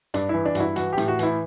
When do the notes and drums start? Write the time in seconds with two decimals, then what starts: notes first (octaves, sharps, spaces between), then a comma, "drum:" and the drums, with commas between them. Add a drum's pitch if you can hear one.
0.14 G2 D4, drum: hi-hat
0.29 E3 E4
0.46 D4
0.55 G2 F#4, drum: hi-hat
0.60 E4
0.76 E3 F#4, drum: hi-hat
0.93 G4
0.98 A2, drum: hi-hat
1.08 F#4
1.19 E3 E4, drum: hi-hat